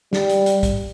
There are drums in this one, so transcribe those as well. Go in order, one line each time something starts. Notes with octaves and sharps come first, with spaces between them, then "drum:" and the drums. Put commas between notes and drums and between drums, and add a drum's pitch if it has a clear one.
G3, drum: snare
drum: hi-hat
drum: hi-hat
drum: kick, hi-hat